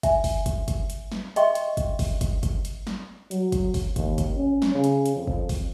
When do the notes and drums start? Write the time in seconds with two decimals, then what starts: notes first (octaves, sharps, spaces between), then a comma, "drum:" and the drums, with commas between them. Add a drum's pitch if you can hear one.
0.03 E5 G#5, drum: kick, hi-hat
0.24 drum: kick, open hi-hat
0.46 drum: kick, hi-hat
0.68 drum: kick, hi-hat
0.90 drum: hi-hat
1.12 drum: snare
1.36 D#5 E5 G5 C6 C#6, drum: hi-hat
1.55 drum: hi-hat
1.77 drum: kick, hi-hat
1.99 drum: kick, open hi-hat
2.21 drum: kick, hi-hat
2.43 drum: kick, hi-hat
2.65 drum: hi-hat
2.87 drum: snare
3.31 F#3, drum: hi-hat
3.52 drum: kick, hi-hat
3.74 drum: kick, open hi-hat
3.96 D#2, drum: kick, hi-hat
4.18 drum: kick, hi-hat
4.37 C#4
4.62 drum: snare
4.74 C#3
4.84 drum: hi-hat
5.06 drum: hi-hat
5.16 F2
5.27 drum: kick
5.49 drum: kick, open hi-hat